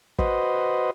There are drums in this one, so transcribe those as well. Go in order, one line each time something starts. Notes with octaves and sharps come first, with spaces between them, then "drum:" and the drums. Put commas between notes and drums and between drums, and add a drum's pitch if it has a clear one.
F#4 B4 C5 D#5, drum: kick